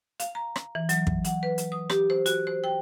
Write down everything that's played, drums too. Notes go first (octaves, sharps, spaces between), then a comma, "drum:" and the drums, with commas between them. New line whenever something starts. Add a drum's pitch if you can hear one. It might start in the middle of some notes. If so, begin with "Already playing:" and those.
F5, drum: hi-hat
A#5
drum: rim click
E3
F#3, drum: hi-hat
drum: kick
F#5, drum: hi-hat
B4
drum: hi-hat
D#6
G4, drum: rim click
C5
F#4, drum: hi-hat
C5
G5